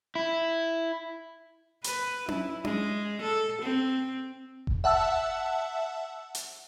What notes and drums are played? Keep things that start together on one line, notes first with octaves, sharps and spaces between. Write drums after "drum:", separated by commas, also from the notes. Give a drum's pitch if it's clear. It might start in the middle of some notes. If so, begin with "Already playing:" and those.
E4
B4, drum: hi-hat
E4, drum: tom C#4
G#3, drum: tom C#4
A4
C4
drum: kick F1
E5 F#5 A5 E6
drum: hi-hat